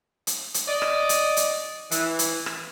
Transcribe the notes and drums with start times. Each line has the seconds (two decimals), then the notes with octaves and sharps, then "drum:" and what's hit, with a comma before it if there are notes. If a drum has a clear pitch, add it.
0.27 drum: hi-hat
0.54 drum: hi-hat
0.68 D5 D#5
0.82 drum: rim click
1.09 drum: hi-hat
1.37 drum: hi-hat
1.91 E3, drum: hi-hat
2.19 drum: hi-hat
2.46 drum: rim click